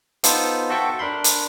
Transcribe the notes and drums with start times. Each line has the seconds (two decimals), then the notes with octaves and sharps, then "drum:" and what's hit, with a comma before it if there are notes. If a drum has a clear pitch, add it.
0.24 B3 D#4 F4 A4 C5, drum: hi-hat
0.70 F#4 A4 E5 G5 A5 C#6
0.99 D4 A#4 B5 C6
1.24 drum: hi-hat